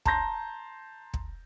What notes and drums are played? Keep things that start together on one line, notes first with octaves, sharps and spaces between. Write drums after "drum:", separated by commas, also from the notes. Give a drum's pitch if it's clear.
A5 A#5 C6 G6 A#6, drum: kick
drum: kick